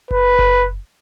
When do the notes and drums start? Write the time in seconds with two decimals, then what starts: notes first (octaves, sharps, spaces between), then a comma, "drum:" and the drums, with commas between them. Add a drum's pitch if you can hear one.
0.11 B4, drum: kick F#1
0.39 drum: kick F#1